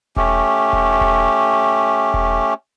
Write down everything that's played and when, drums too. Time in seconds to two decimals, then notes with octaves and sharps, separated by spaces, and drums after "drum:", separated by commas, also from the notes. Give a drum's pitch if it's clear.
0.17 A3 C#4 G4, drum: kick E1
0.73 drum: kick E1
1.01 drum: kick E1
2.14 drum: kick E1